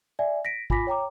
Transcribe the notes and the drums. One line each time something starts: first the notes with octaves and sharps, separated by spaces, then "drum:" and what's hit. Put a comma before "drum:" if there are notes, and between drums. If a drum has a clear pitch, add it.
D5 E5 G#5
A#6 B6 D7
F4 G#5 B5 D6 A#6 B6, drum: kick
C#5 G5 A#5 D6